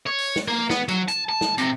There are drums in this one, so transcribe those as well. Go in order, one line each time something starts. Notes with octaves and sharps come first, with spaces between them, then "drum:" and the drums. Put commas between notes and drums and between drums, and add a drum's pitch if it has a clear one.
C#5
drum: open hi-hat
drum: snare
A#3
B3, drum: snare
F#3, drum: hi-hat
A5, drum: hi-hat
A5
drum: snare
C3, drum: hi-hat